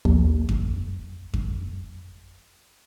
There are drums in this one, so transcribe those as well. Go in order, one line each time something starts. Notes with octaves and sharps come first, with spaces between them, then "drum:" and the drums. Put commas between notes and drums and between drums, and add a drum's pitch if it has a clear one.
A#1 D#2
drum: kick F2
drum: kick F2